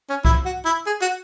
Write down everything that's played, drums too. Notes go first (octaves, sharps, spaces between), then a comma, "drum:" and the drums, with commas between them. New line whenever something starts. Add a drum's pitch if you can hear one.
C#4
E4, drum: kick C2
F#4
E4
G#4
F#4